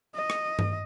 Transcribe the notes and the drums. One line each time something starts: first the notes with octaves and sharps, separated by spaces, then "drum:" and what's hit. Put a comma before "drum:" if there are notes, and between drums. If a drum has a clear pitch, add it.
D#5
drum: rim click
drum: tom G2